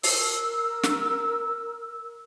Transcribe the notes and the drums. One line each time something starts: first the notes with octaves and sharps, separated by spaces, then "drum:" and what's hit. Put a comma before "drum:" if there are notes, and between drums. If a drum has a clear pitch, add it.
A#4 E6, drum: open hi-hat
drum: snare